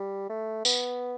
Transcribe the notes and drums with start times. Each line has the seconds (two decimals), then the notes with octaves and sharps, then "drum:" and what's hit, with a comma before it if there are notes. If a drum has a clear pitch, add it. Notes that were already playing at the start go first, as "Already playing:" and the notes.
Already playing: G3
0.30 A3
0.65 B3, drum: tambourine